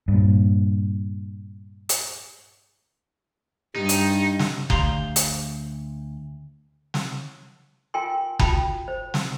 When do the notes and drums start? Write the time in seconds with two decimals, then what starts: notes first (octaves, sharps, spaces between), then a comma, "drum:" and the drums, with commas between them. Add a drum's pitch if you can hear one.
0.08 G2 A#2
1.89 drum: hi-hat
3.76 G2 D#4 G4
3.89 drum: hi-hat
4.39 drum: snare
4.70 D2 G4 F5 A#5 C6, drum: kick F#1
5.16 drum: hi-hat
6.94 drum: snare
7.94 F4 A#4 G5 G#5 C6
8.39 F4 F#4 G5 A5 B5, drum: kick F#1
8.88 C5
9.14 drum: snare